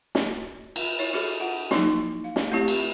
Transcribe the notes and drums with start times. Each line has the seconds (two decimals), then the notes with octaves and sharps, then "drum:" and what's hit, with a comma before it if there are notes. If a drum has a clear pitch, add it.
0.15 drum: snare
0.76 drum: cymbal
0.99 E4 C#5
1.13 D4 F#4 G#4 A4 C#5
1.40 F4 F#5
1.71 F3 F#3 A#3 D#4 E4, drum: snare
2.24 F5
2.36 drum: snare
2.52 A3 C4 E4 G4 C#5
2.68 drum: cymbal